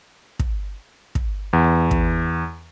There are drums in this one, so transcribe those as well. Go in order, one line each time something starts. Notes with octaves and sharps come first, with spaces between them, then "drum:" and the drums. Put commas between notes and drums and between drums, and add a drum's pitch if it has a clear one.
drum: kick
drum: kick
E2
drum: kick